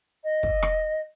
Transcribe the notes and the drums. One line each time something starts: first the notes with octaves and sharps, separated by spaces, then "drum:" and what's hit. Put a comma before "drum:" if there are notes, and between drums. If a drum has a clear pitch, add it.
D#5
drum: kick
drum: rim click